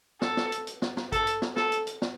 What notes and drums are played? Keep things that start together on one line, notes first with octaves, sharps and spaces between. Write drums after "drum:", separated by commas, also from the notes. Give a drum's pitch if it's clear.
A4, drum: snare
drum: snare
drum: hi-hat
drum: hi-hat
drum: snare
drum: snare
A4, drum: kick, hi-hat
drum: hi-hat
drum: snare
A4, drum: snare
drum: hi-hat
drum: hi-hat
drum: snare